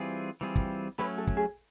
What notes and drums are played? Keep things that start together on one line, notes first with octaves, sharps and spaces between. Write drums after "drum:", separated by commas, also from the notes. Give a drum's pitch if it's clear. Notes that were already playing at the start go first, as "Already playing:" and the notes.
Already playing: E3 G3 C4 F4 G#4
E3 G3 C4 F4 G#4
drum: kick
F#3 A3 C#4 B4
A4
drum: kick
G#4